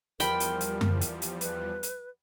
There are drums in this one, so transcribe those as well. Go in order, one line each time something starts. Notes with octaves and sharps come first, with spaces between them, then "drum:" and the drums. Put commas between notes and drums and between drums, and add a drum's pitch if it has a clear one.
E2 F3 G3 A#4 G5 B5 C6, drum: hi-hat
drum: hi-hat
drum: hi-hat
drum: tom F#2
drum: hi-hat
drum: hi-hat
B4, drum: hi-hat
drum: hi-hat